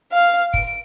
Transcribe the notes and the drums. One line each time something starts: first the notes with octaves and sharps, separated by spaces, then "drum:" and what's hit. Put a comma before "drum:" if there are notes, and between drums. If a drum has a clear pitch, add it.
F5
D7, drum: kick